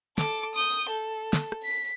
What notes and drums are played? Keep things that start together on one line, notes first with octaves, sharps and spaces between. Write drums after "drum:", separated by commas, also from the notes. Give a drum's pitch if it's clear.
A4 D6, drum: snare
D#6 G6
A4
drum: snare
drum: rim click
B6